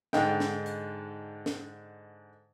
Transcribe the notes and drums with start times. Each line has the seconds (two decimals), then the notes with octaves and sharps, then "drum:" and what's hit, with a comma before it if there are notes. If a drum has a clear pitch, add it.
0.13 G#2 D3 D#4 G5, drum: snare
0.40 drum: snare
0.66 drum: hi-hat
1.46 drum: snare